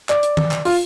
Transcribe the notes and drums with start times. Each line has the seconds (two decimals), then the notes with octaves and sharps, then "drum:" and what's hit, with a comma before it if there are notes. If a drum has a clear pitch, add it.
0.09 D5, drum: clap
0.23 drum: hi-hat
0.37 drum: tom D#3
0.51 drum: clap
0.65 F4, drum: open hi-hat